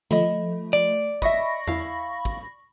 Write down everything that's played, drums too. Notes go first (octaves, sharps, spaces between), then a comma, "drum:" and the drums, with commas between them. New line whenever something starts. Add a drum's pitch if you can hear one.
F3 A3 D#5 B5, drum: tom D3
D5
D#5 E5 B5 C#6 A#6, drum: kick
E4 F5, drum: tom E2
drum: kick